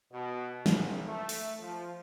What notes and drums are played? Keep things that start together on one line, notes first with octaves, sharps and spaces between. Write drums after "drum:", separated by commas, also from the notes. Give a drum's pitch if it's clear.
B2
G#1, drum: snare
A3
drum: open hi-hat
F3